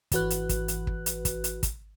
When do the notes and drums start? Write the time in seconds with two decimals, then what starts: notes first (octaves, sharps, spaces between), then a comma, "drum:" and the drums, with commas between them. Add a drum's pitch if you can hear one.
0.12 G#1 E3 F#4 B4 F#6, drum: kick, hi-hat
0.30 drum: hi-hat
0.49 drum: kick, hi-hat
0.68 drum: hi-hat
0.87 drum: kick
1.06 drum: hi-hat
1.25 drum: kick, hi-hat
1.44 drum: hi-hat
1.63 drum: kick, hi-hat